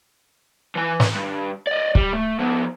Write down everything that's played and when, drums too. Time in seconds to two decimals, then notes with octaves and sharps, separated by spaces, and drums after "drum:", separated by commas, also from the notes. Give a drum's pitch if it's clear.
0.75 E3 G#5
1.00 drum: snare
1.15 G2
1.67 D5 D#5
1.95 G3, drum: kick
2.13 A3
2.39 F3 B3